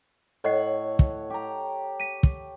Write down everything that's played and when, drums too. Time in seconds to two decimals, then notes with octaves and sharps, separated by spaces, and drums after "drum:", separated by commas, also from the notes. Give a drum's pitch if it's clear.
0.44 A2 A4 C#5 D#5 F#5 C7
0.99 drum: kick
1.30 G4 A#5
2.00 B6 D#7
2.23 drum: kick